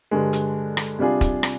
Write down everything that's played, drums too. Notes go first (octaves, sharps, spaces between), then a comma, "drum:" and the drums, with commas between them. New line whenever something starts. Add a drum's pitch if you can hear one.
G2 D3 G#3
drum: hi-hat
drum: rim click
C3 G3 D4 F4 G#4
drum: kick E1, hi-hat
drum: rim click